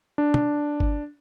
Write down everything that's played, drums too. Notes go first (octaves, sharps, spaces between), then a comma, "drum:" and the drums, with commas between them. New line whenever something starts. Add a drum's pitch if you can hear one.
D4
drum: tom
drum: kick G1